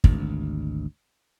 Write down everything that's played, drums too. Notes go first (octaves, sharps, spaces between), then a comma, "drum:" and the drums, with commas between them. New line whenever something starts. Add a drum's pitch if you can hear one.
G#1 D2, drum: kick